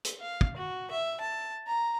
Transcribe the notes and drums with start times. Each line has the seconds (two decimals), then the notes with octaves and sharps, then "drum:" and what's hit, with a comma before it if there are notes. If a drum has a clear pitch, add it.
0.04 drum: hi-hat
0.21 F5
0.41 drum: kick
0.57 F#4
0.91 E5
1.21 A5
1.68 A#5